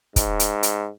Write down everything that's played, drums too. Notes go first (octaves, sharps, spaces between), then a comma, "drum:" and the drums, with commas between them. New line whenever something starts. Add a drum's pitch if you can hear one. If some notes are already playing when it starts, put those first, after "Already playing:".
G#2, drum: kick, hi-hat
drum: hi-hat
drum: hi-hat